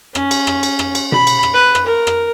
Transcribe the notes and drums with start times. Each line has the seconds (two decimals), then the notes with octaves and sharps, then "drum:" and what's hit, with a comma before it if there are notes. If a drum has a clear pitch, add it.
0.15 C#4, drum: rim click
0.31 drum: cymbal
0.47 drum: rim click
0.63 drum: cymbal
0.79 drum: rim click
0.95 drum: cymbal
1.12 B5, drum: tom B2
1.27 drum: cymbal
1.43 drum: rim click
1.54 B4
1.75 drum: rim click
1.86 A#4
2.07 drum: rim click